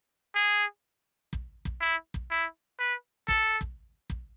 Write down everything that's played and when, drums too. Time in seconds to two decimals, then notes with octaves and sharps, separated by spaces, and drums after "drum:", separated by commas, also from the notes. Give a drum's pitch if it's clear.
0.35 G#4
1.33 drum: kick
1.65 drum: kick
1.81 E4
2.14 drum: kick
2.30 E4
2.80 B4
3.28 A4, drum: kick
3.61 drum: kick
4.10 drum: kick